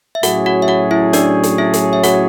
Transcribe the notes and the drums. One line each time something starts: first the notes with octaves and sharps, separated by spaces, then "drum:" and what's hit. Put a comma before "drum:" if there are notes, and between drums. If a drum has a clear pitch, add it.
E5
A2 F#3 C#4 F#4 G#4 C#5 F#5, drum: hi-hat
F#4 F#5
E5
F#4 F#5
E4 E5
D4 D5, drum: hi-hat
drum: hi-hat
E4 E5
drum: hi-hat
E5
F#4 F#5, drum: hi-hat